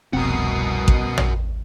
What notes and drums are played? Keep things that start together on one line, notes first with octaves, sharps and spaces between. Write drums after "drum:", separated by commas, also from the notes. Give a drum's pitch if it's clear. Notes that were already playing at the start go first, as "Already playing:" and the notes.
F1 C2 B2 C4 F#4 A#4 D#6 C7
drum: kick A1
drum: tom